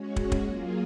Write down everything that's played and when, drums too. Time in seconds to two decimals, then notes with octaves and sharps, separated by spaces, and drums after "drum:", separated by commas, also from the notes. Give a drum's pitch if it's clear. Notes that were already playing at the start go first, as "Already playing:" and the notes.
Already playing: G#3 C#4 F#4 C#5
0.16 drum: kick
0.32 drum: kick
0.42 F#3 A#3 F4 G#4